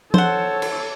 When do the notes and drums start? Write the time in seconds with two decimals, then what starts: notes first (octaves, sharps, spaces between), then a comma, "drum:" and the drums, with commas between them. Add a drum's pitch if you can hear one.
0.14 A4 C5 C#5 F#5, drum: tom F3
0.62 drum: cymbal